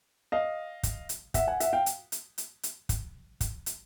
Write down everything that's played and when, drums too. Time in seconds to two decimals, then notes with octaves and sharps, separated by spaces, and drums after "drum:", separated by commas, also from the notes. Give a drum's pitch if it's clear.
0.32 D#5 F5
0.83 drum: kick, hi-hat
1.09 drum: hi-hat
1.34 E5 F#5, drum: kick, hi-hat
1.48 F#5 G#5
1.60 E5 F#5, drum: hi-hat
1.73 F5 G5
1.86 drum: hi-hat
2.12 drum: hi-hat
2.38 drum: hi-hat
2.63 drum: hi-hat
2.89 drum: kick, hi-hat
3.41 drum: kick, hi-hat
3.66 drum: hi-hat